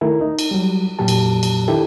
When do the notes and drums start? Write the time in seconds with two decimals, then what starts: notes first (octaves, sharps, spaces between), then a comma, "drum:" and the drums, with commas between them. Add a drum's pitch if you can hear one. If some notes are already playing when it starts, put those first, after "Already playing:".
0.01 D#3 A3 E4 A#4
0.21 D#4
0.39 drum: cymbal
0.51 F#3 G3
0.99 F2 A#2 F#3 G4 A5
1.08 drum: cymbal
1.43 drum: cymbal
1.68 D#3 D4 E4 G4 A4